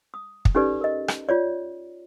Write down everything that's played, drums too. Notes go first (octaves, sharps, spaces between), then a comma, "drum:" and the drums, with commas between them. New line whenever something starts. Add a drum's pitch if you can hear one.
D#6
drum: kick
C#4 D#4 G4 A4 B4 D5
A#4 D#5
drum: rim click
F4 C#5 D5